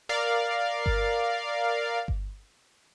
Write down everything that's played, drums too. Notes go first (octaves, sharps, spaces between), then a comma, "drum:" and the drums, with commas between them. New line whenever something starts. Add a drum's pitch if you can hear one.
A#4 D5 F5
drum: kick G1
drum: kick G1